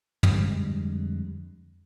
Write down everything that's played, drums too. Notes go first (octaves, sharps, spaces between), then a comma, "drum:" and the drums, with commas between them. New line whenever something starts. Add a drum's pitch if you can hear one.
F2 D3 G3 G#3, drum: tom